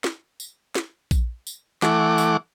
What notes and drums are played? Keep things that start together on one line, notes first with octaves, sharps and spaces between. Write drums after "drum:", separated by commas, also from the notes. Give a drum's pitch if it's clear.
drum: snare
drum: tambourine
drum: snare
drum: kick A#1, tambourine
drum: tambourine
E3 A3 F#5 D6, drum: snare
drum: tambourine